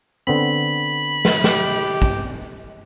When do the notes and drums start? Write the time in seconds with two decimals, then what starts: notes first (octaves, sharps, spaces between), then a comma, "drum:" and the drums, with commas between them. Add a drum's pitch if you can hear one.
0.27 D3 B3 C4 B5
1.25 drum: snare
1.44 G4, drum: snare
2.02 drum: kick